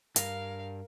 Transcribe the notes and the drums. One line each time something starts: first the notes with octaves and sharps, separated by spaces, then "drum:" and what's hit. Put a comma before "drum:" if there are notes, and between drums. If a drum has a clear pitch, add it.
G2 A#4 F5, drum: hi-hat